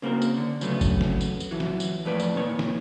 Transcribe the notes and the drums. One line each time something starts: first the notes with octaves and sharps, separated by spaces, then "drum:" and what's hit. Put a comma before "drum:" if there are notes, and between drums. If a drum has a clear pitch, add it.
C#3 A#3 C4 F#4 A#4
drum: tambourine
D3
C#3 F#3 A3 B3, drum: tambourine
drum: kick G#1, tambourine
drum: snare
drum: tambourine
drum: tambourine
E3 F#3
drum: snare
drum: tambourine
F2 A2 B4 D5
drum: tambourine
A#2 D#3 C#5
drum: snare